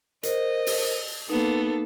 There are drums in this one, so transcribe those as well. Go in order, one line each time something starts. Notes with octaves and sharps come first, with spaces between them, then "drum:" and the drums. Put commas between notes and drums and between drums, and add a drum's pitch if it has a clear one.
A#4 C5 D#5, drum: hi-hat
drum: open hi-hat
A#3 B3 D#4 A4